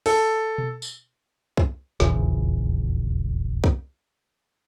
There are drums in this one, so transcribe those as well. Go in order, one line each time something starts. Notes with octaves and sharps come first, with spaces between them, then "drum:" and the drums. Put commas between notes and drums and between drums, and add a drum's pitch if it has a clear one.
A4, drum: open hi-hat
drum: tom B2
drum: tambourine
drum: kick
D#1 A#1 E2 C#3, drum: snare
drum: kick